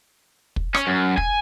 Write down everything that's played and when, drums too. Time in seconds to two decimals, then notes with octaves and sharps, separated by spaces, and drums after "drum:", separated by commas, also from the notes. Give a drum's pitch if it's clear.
0.56 drum: kick
0.74 C#4, drum: rim click
0.87 F#2
1.17 G#5, drum: kick